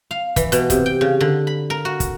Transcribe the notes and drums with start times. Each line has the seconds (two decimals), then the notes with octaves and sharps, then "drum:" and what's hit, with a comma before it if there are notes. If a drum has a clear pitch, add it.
0.11 F5
0.36 E3, drum: kick, hi-hat
0.52 B2, drum: hi-hat
0.70 C3, drum: kick, hi-hat
0.86 G5
1.01 C#3
1.21 D3
1.47 B5
1.70 A#4
1.85 F#4
2.00 drum: kick, hi-hat